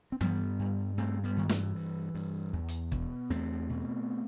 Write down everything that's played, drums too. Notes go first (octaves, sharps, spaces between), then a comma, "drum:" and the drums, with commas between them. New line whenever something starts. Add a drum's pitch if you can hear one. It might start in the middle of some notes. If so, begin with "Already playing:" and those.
C4
G2 G3 B3, drum: tom E3
G2
G2 A3 C4
G3 B3
G2 D#3
E3, drum: snare
G2
G2
E2
drum: hi-hat
B2, drum: kick
E2 A3 C4
B2